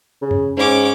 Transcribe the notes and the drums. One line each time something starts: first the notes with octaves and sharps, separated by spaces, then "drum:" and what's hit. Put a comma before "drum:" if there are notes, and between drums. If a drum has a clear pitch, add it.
C#3
drum: tom F#2
G#2 C#4 D6